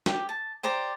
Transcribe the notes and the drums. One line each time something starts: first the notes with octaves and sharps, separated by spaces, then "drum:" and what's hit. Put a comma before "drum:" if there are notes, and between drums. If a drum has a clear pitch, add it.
G4, drum: snare
A5
G4 C5 D5 A#5